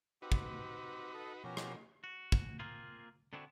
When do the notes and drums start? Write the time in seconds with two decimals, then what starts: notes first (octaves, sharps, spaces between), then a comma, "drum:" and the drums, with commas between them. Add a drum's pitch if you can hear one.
0.22 C4 D#4 F#4 G4 B4
0.32 drum: kick
1.14 A4 D#5
1.44 B2 F3 C#4 F#4 G4 A#4
1.57 drum: rim click
2.04 F#4
2.32 drum: kick
2.59 A#3 C4 F4 G#4
3.33 D3 B3 C4 D4 E4 F#4